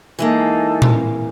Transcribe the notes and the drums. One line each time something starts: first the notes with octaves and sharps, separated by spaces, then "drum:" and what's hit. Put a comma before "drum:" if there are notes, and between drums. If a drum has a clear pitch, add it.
E3 G#3 A#3 D#4 A4
drum: tom A#2